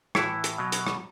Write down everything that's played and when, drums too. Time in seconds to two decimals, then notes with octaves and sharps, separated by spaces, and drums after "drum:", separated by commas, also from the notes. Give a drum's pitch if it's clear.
0.15 A2 E3 E4, drum: rim click
0.44 drum: hi-hat
0.58 B2 F#3
0.72 drum: hi-hat
0.87 drum: rim click